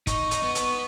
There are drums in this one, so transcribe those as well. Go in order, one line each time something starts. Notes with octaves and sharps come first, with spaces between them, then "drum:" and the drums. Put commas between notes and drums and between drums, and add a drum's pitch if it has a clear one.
D#4 C#6, drum: kick, hi-hat
drum: hi-hat
B3
drum: hi-hat